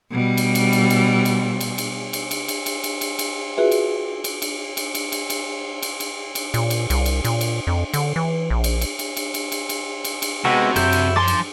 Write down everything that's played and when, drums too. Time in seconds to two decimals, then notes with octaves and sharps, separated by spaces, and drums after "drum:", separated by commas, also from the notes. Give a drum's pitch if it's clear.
0.12 B2 G3
0.37 drum: cymbal
0.55 drum: cymbal
0.73 drum: cymbal
0.90 drum: cymbal
1.25 drum: cymbal
1.61 drum: cymbal
1.78 drum: cymbal
2.13 drum: cymbal
2.31 drum: cymbal
2.48 drum: cymbal
2.66 drum: cymbal
2.84 drum: cymbal
3.01 drum: cymbal
3.19 drum: cymbal
3.57 F4 F#4 G#4 B4 E5
3.72 drum: cymbal
4.24 drum: cymbal
4.42 drum: cymbal
4.77 drum: cymbal
4.95 drum: cymbal
5.12 drum: cymbal
5.30 drum: cymbal
5.83 drum: cymbal
6.00 drum: cymbal
6.35 drum: cymbal
6.54 A#2, drum: cymbal
6.70 drum: cymbal
6.90 C2, drum: cymbal
7.06 drum: cymbal
7.25 A#2, drum: cymbal
7.41 drum: cymbal
7.67 F2
7.93 D3, drum: cymbal
8.16 E3
8.50 A#1
8.64 drum: cymbal
8.81 drum: cymbal
8.99 drum: cymbal
9.17 drum: cymbal
9.34 drum: cymbal
9.52 drum: cymbal
9.69 drum: cymbal
10.04 drum: cymbal
10.22 drum: cymbal
10.45 C3 G#3 B3 F#4 A4
10.76 F#2 E4 A4 G6, drum: cymbal
10.92 drum: cymbal
11.16 F3 G#5 A5 C6 D6 A6
11.28 drum: cymbal